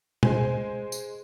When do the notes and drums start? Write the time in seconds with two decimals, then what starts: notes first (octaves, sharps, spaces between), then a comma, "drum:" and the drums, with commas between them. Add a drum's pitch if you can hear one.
0.23 G#3 C5 G#5, drum: tom
0.92 drum: tambourine